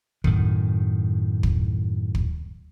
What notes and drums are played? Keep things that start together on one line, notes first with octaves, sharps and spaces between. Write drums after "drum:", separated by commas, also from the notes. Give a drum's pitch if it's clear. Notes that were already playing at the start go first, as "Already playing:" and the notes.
F#2 A2 D#3, drum: kick
drum: kick
drum: kick